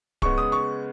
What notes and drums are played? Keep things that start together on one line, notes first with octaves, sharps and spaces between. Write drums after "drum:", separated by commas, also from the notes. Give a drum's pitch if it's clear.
C#3 G#3 B3 C#6, drum: kick D1
D#6
C#6